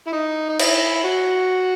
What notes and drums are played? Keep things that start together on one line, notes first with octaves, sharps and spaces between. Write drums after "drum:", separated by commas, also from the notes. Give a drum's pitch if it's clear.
E4
D#4
D#4
E4, drum: cymbal
F#4